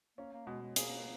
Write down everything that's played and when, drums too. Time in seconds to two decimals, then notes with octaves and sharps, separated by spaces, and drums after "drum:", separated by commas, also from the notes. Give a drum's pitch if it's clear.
0.18 A#3 C#4
0.33 A#3
0.47 B2 G#3
0.62 G#3
0.76 A#3 G#4, drum: hi-hat